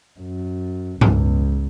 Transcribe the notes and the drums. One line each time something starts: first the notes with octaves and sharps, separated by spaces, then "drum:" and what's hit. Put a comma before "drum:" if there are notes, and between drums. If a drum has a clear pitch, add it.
F#2
C#2, drum: tom G2